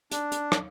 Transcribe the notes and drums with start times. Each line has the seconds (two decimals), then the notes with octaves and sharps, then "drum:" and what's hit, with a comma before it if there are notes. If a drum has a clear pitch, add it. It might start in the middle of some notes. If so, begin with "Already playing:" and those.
0.11 D4, drum: hi-hat
0.32 drum: hi-hat
0.52 drum: rim click